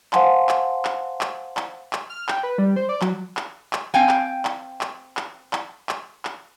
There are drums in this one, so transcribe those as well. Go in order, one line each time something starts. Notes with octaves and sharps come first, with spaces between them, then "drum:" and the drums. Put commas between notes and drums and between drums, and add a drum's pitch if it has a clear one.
C5 F5 F#5 G#5 A5 C6, drum: clap
drum: clap
drum: clap
drum: clap
drum: clap
drum: clap
F6
G5, drum: clap
B4
G3
C5
D5
F#3, drum: clap
drum: clap
drum: clap
C4 F5 G5 G#5
drum: clap
drum: clap
drum: clap
drum: clap
drum: clap
drum: clap
drum: clap